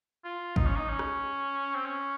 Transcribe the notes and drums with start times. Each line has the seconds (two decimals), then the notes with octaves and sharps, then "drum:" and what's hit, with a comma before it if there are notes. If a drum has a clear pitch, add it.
0.24 F4
0.56 D#4, drum: kick
0.66 C#4
0.76 D#4
0.88 C#4
0.99 drum: rim click
1.75 C4
1.85 C#4